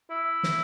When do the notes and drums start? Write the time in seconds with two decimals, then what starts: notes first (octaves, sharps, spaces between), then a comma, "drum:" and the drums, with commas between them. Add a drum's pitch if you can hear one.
0.11 E4
0.43 drum: snare